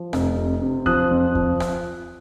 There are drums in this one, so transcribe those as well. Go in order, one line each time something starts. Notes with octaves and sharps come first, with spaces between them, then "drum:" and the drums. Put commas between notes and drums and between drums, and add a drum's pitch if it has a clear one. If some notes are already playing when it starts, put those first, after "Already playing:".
Already playing: F3
F1, drum: rim click
C3
C3
F3 D#6 F#6, drum: kick D#2
F2
F3, drum: kick D#2
drum: rim click